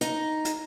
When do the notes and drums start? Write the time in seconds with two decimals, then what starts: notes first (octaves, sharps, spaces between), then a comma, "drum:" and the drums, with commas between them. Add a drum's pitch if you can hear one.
0.01 D#4, drum: hi-hat
0.45 drum: hi-hat